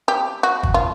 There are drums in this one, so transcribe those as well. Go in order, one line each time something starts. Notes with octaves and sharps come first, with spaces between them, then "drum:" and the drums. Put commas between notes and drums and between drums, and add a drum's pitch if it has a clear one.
G4
F#4
drum: kick
F4